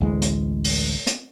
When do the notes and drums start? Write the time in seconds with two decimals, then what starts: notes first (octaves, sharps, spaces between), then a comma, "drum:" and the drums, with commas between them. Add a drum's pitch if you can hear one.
0.01 A1 D2 E3 G#3
0.22 drum: hi-hat
0.64 drum: open hi-hat
1.07 drum: hi-hat